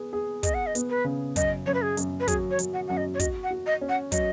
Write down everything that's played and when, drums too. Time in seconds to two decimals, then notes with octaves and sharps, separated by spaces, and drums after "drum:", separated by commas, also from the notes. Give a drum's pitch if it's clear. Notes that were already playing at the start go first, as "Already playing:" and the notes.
Already playing: B3 G#4
0.13 G#4
0.43 G#4 D#5, drum: kick, hi-hat
0.54 F#5
0.67 D#5
0.75 B3, drum: hi-hat
0.90 B4
1.04 C#3
1.36 F#2 D#5, drum: kick, hi-hat
1.66 F#2 C#5
1.74 B4
1.82 G#4
1.97 F#2, drum: hi-hat
2.20 B4
2.28 F#3 G#4, drum: kick, hi-hat
2.51 C#5
2.59 F#3, drum: hi-hat
2.74 F#5
2.88 F#2 F#5
2.97 D#5
3.14 C#5
3.19 F#4 D#5, drum: kick, hi-hat
3.44 F#5
3.51 F#4
3.67 D#5
3.81 C#4
3.89 F#5
4.12 F#3 D#5, drum: kick, hi-hat